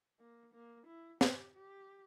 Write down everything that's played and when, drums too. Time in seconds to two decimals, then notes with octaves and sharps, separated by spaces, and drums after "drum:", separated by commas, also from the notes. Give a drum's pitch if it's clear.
0.19 A#3
0.54 A#3
0.87 E4
1.21 G4, drum: snare
1.55 G4